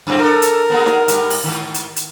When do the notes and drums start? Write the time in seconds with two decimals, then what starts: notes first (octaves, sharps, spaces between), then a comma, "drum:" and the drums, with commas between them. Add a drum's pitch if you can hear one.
0.07 F#2 A2 C4
0.20 D4 A4 A#4
0.42 drum: hi-hat
0.70 G#3 A#3 B3
0.86 drum: snare D#4
1.08 G2 G3, drum: hi-hat
1.30 drum: open hi-hat
1.44 G#2 D#3
1.74 drum: hi-hat
1.96 drum: hi-hat